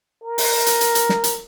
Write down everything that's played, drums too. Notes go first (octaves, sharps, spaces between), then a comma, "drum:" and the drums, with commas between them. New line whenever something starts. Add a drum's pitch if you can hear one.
A#4
drum: open hi-hat
drum: hi-hat
drum: hi-hat
drum: hi-hat
drum: snare
drum: hi-hat